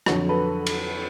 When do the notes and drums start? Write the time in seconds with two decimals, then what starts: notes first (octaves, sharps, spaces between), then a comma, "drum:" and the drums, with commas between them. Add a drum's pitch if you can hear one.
0.06 F2 D3 F#3 F#4, drum: rim click
0.29 A4 B4
0.66 drum: cymbal